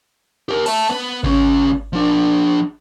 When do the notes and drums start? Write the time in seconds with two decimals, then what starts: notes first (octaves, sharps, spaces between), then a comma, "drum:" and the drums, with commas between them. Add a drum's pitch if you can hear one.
0.49 G4 A#4
0.66 E5 A5, drum: cymbal
0.89 B3 B4
1.24 C#2 C#4, drum: kick G#1
1.93 F3 D4